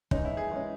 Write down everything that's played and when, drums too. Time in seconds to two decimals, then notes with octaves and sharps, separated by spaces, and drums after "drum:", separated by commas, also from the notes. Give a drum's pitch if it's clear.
0.11 E3 G#3 C#4 D#4, drum: kick
0.25 E4
0.37 G#4
0.51 E3 G#3 C#4